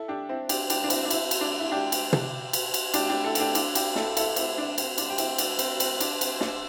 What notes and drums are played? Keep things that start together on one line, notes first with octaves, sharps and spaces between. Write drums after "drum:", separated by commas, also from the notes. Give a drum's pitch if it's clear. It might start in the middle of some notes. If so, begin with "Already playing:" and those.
Already playing: E4 A4
D4 G4
C4 E4
D4 G4, drum: cymbal
D4 G4, drum: cymbal
D4
C4 E4, drum: cymbal
D4
C4 E4, drum: cymbal
drum: cymbal
D4
E4
D4 G4
drum: cymbal
drum: tom
drum: cymbal
drum: cymbal
D4 G4, drum: cymbal
D4 G4
E4 A4
A4, drum: cymbal
D4 G4
D4, drum: cymbal
D4 G4, drum: cymbal
E4 A4, drum: snare
E4 A4, drum: cymbal
C4 E4, drum: cymbal
D4
C4, drum: cymbal
D4, drum: cymbal
G4
C4 E4, drum: cymbal
D4, drum: cymbal
C4, drum: cymbal
C4, drum: cymbal
D4, drum: cymbal
C4, drum: cymbal
D4, drum: snare